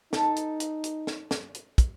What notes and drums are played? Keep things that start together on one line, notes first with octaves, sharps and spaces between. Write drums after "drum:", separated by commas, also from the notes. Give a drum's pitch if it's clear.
D#4 A4, drum: snare
drum: hi-hat
drum: hi-hat
drum: hi-hat
drum: snare
drum: snare
drum: hi-hat
drum: kick, hi-hat